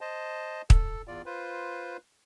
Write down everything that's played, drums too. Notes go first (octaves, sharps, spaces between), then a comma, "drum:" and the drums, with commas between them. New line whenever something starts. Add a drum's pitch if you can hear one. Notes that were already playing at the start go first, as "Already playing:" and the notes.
C5 D#5 A5
A4, drum: kick
E2 F4 D5
F4 B4 C5